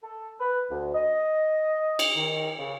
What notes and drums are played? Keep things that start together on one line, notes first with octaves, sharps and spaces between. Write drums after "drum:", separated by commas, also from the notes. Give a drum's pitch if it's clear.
A4
B4
D2
D#5
drum: cymbal
D#3
C#3